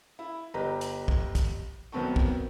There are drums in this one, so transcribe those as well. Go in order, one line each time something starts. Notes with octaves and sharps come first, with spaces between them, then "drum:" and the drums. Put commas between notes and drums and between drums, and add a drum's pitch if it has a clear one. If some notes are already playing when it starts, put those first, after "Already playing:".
E4
G1 G4 B4 D#5 A#5
drum: hi-hat
drum: kick
drum: kick, hi-hat
B1 D#3 B3 C4 A5 C#6
drum: kick